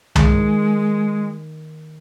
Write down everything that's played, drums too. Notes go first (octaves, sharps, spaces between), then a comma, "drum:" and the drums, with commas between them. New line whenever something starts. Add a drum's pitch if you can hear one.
D#3 G#3, drum: tom C2